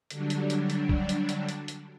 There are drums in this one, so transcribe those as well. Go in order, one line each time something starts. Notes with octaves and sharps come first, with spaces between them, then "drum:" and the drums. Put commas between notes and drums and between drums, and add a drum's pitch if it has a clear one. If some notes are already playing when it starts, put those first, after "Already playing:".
D3 F#3 G3 D4, drum: hi-hat
drum: hi-hat
drum: hi-hat
drum: hi-hat
drum: kick
drum: hi-hat
drum: hi-hat
drum: hi-hat
drum: hi-hat